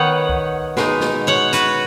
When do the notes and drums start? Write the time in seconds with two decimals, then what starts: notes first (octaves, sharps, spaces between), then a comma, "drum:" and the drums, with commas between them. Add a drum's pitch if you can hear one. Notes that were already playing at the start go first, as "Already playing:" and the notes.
Already playing: D#3 B3 D#4 C#5 F#5
0.29 drum: kick C#2
0.77 B2 G#3 D#4, drum: snare
1.00 drum: snare
1.27 C#5 F#5
1.53 F#4 B4, drum: hi-hat